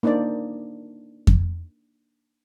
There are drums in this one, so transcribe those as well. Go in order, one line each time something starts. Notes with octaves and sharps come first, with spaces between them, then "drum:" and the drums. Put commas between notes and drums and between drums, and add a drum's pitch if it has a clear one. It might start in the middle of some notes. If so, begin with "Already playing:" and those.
A#3 D4 D#4 C5 D5
drum: kick F2